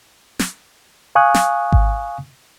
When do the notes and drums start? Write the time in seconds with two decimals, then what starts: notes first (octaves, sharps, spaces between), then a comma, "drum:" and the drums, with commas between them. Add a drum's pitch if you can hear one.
0.39 drum: snare
1.15 F5 G#5 C#6 D#6 F#6
1.34 drum: snare
1.72 drum: kick G#1